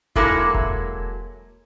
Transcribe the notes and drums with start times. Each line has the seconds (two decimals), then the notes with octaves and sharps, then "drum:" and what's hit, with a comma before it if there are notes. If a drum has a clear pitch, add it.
0.16 F#3 G#3 A#3 E4 A4 A#4, drum: kick E1
0.55 drum: kick E1